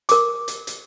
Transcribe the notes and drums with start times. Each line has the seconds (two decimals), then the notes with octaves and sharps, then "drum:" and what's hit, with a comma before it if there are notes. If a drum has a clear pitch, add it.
0.09 A#4 D6, drum: hi-hat
0.48 drum: hi-hat
0.67 drum: hi-hat